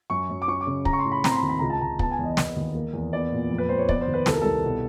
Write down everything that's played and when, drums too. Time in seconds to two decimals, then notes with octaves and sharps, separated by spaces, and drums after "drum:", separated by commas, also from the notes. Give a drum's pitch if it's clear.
0.10 F#2 C#6
0.30 F#2
0.42 D6
0.48 C#4 C#6
0.61 D6
0.67 C#3
0.85 C#4 A#5, drum: kick
0.93 C#6
0.99 C6
1.04 A2
1.12 B5
1.24 C4 A#5, drum: snare
1.31 C6
1.36 B5
1.43 D#2
1.49 B5
1.59 C#2 A#5
1.70 A5
1.80 C#2 A#5
1.99 B3 A5, drum: kick
2.11 G#5
2.19 E2
2.24 D#5
2.37 B3, drum: snare
2.56 D#2
2.75 A#3
2.93 E2
3.13 B3 D5
3.32 A#2
3.51 F2
3.58 B4
3.69 F2 C5
3.78 C#5
3.89 B3 D5, drum: kick
4.01 C5
4.07 D#2
4.14 B4
4.26 C2 A4, drum: snare
4.34 A#4
4.42 C2 A4
4.64 B2